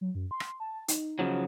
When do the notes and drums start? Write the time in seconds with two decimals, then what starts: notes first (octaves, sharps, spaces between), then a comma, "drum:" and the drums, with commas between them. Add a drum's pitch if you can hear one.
0.01 F#3
0.15 F#2
0.31 C6
0.40 drum: rim click
0.60 A5
0.88 D#4, drum: hi-hat
1.19 C#3 F3 F#3